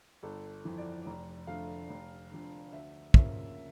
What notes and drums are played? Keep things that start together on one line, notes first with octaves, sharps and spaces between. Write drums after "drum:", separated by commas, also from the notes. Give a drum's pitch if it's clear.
G1 A4
F2 E3
D5
F1
F2 D3 A3 F5
F1
F2 D3
D2 E5
C#3 F3 A#3 E5, drum: kick